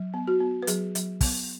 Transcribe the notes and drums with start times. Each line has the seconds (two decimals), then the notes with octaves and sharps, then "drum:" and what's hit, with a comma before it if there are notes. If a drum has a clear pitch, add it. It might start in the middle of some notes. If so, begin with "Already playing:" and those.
Already playing: F#3
0.14 B3
0.27 F#4
0.40 B3
0.62 B4
0.67 F#3 G#4, drum: hi-hat
0.95 F#3, drum: hi-hat
1.21 B3, drum: kick, open hi-hat